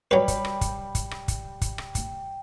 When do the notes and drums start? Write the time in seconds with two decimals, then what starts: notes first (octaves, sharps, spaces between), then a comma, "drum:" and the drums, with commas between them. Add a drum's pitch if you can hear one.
0.11 F#3 G3 B4 B5
0.28 drum: kick, hi-hat
0.45 drum: rim click
0.61 drum: kick, hi-hat
0.95 drum: kick, hi-hat
1.11 drum: rim click
1.28 drum: kick, hi-hat
1.61 drum: kick, hi-hat
1.78 drum: rim click
1.95 drum: kick, hi-hat